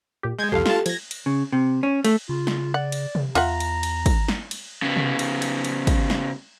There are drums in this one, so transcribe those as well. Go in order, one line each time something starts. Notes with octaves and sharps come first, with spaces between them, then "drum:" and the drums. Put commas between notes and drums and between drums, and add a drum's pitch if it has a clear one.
A#2 G4
G#3 G6 G#6
C2 F2 G4 A4 F5 C6
F4 A5, drum: snare
F3 G#6 A#6, drum: cymbal
drum: cymbal
C#3
C3
C#4
A3, drum: cymbal
C#3 F4
drum: snare
D5 F#5
drum: cymbal
drum: tom C3
E2 F4 E5 F#5 A#5, drum: cymbal
drum: cymbal
drum: cymbal
drum: kick, cymbal
drum: snare
drum: cymbal
C#3 B3
drum: tom C3
drum: cymbal
drum: cymbal
drum: cymbal
drum: kick, cymbal
drum: snare